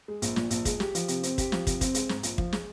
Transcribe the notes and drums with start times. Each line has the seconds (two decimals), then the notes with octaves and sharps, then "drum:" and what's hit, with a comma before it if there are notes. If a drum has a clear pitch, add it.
0.08 G#3
0.22 A#1, drum: hi-hat
0.36 A#2, drum: snare
0.51 A#1, drum: hi-hat
0.65 G#3, drum: kick, hi-hat
0.80 G4, drum: snare
0.95 F3, drum: hi-hat
1.08 C3, drum: hi-hat
1.23 C4, drum: hi-hat
1.38 G4, drum: kick, hi-hat
1.52 F3, drum: snare
1.67 C3, drum: kick, hi-hat
1.81 C4, drum: kick, hi-hat
1.94 G#3, drum: hi-hat
2.09 G#2, drum: snare
2.23 A#1, drum: hi-hat
2.38 F3, drum: kick
2.53 G#3, drum: snare